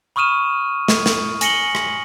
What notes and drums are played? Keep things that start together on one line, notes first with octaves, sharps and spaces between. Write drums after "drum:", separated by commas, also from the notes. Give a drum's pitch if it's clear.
B5 C#6 D#6 F6 D#7 E7
drum: snare
drum: snare
G#5 A#6 C#7 F#7 G7, drum: hi-hat
drum: rim click